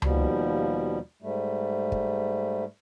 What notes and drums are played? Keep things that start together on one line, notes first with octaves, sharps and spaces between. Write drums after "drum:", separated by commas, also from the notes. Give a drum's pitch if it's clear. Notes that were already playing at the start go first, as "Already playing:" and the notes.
D#2 B2 F3 G3, drum: tom C#2
G#2 G3 A3
drum: kick